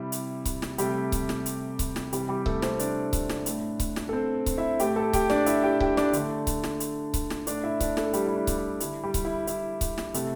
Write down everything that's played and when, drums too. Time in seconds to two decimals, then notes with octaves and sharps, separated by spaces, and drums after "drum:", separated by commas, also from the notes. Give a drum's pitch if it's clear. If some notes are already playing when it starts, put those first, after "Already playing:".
Already playing: C3 G3 E4
0.12 drum: hi-hat
0.45 drum: kick C#1, hi-hat
0.62 drum: snare
0.78 C3 G3 A3 G4, drum: hi-hat
1.12 drum: kick C#1, hi-hat
1.29 drum: snare
1.46 drum: hi-hat
1.79 drum: kick C#1, hi-hat
1.96 drum: snare
2.13 C3 E3 G3 G4, drum: hi-hat
2.29 G3 G4
2.46 A3 A4, drum: kick C#1
2.62 C4 C5, drum: snare
2.79 D4 D5, drum: hi-hat
3.13 drum: kick C#1, hi-hat
3.29 drum: snare
3.46 A2 A3, drum: hi-hat
3.80 drum: kick C#1, hi-hat
3.96 drum: snare
4.09 A4
4.13 C4 C5
4.46 drum: kick C#1, hi-hat
4.58 E4 E5
4.79 A2 A3 G4 G5, drum: hi-hat
4.96 A4 A5
5.13 G4 G5, drum: kick C#1, hi-hat
5.30 D4 D5, drum: snare
5.46 E4 E5, drum: hi-hat
5.63 G4 G5
5.80 G4 G5, drum: kick C#1
5.97 D4 D5, drum: snare
6.13 D3 A3, drum: hi-hat
6.47 drum: kick C#1, hi-hat
6.63 drum: snare
6.80 drum: hi-hat
7.14 drum: kick C#1, hi-hat
7.30 drum: snare
7.47 A2 A3 D4 D5, drum: hi-hat
7.64 E4 E5
7.80 D4 D5, drum: kick C#1, hi-hat
7.97 A3 A4, drum: snare
8.13 G3 G4, drum: hi-hat
8.26 E4
8.36 D4
8.47 drum: kick C#1, hi-hat
8.58 E4
8.80 D3 G3 E4, drum: hi-hat
9.03 G3 G4
9.14 drum: kick C#1, hi-hat
9.25 E4
9.47 E4, drum: hi-hat
9.81 drum: kick C#1, hi-hat
9.98 drum: snare
10.14 C3 A3, drum: hi-hat